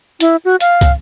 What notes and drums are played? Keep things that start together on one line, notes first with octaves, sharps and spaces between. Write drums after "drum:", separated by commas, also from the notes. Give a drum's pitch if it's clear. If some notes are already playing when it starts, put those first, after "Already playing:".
E4, drum: hi-hat
F#4
F5, drum: hi-hat
drum: kick, hi-hat